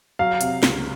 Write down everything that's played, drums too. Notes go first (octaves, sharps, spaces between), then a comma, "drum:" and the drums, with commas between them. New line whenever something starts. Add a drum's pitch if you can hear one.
F#3 F5
C3, drum: hi-hat
C#2, drum: snare